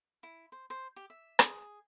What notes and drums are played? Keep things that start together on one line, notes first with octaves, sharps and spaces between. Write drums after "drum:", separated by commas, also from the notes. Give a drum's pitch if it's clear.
E4
C5
C5
G4
E5
G#4, drum: rim click